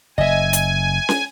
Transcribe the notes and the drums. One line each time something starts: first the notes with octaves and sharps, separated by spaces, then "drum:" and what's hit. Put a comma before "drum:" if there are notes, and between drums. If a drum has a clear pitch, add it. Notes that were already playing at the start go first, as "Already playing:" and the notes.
F#1 D#5 E5 G#5
drum: hi-hat
drum: snare